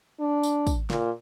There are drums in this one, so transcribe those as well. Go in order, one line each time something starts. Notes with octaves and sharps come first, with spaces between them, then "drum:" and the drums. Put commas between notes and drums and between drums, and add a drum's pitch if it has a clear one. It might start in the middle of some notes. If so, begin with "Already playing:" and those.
D4
drum: tambourine
drum: kick, tambourine
A#2, drum: snare